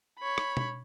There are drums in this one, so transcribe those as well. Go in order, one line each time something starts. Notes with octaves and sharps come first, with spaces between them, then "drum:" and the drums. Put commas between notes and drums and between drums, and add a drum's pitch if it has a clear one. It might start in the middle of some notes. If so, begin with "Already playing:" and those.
C#5 B5
drum: rim click
drum: tom B2